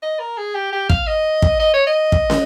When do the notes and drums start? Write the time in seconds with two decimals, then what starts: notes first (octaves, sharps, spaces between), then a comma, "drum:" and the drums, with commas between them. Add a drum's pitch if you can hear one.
0.03 D#5
0.20 A#4
0.37 G#4
0.55 G4
0.72 G4
0.90 F5, drum: kick
1.07 D#5
1.42 drum: kick
1.60 D#5
1.74 C#5
1.87 D#5
2.12 drum: kick
2.30 drum: snare